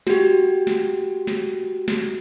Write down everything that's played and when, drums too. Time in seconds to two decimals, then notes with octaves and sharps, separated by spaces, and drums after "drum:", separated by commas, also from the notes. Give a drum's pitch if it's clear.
0.07 F#4 G4, drum: snare
0.67 drum: snare
1.27 drum: snare
1.88 drum: snare